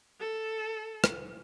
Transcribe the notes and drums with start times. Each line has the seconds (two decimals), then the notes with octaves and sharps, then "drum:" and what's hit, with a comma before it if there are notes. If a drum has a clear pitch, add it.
0.20 A4
1.04 drum: rim click